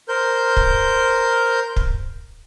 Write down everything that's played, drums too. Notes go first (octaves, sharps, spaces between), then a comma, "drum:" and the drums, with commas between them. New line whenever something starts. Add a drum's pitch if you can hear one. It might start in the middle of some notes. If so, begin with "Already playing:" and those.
A#4 C5 G6
drum: kick
drum: kick